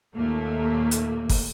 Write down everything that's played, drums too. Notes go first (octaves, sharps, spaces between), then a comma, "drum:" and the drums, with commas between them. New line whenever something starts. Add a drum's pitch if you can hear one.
D#2 A#2 A3 A#3
drum: hi-hat
drum: kick, open hi-hat